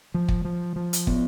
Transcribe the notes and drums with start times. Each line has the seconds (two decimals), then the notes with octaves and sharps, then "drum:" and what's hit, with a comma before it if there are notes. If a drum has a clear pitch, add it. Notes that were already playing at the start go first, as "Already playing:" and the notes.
0.14 F3
0.28 drum: kick
0.45 F3
0.76 F3
0.93 drum: hi-hat
1.07 B3, drum: kick